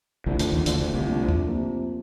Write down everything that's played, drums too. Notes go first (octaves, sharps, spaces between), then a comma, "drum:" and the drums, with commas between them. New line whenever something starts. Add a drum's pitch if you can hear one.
C2 C3 F3 A3 D4
D2 D3, drum: hi-hat
D#2 D#3
D2 D3 F3 A3 D4, drum: hi-hat
D2 D3
C2 C3
F3 A3 D4
drum: tom
C3 F3 A#3